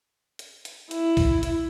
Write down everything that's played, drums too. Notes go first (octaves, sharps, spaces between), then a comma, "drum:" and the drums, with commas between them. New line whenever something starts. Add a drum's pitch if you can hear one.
drum: hi-hat
drum: hi-hat
E4, drum: hi-hat
drum: kick, open hi-hat
drum: hi-hat